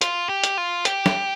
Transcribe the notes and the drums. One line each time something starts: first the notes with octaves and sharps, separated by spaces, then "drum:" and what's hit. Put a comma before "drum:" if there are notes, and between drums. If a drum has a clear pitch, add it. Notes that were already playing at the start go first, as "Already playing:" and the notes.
F4, drum: hi-hat
G4
drum: hi-hat
F4
G4, drum: hi-hat
drum: snare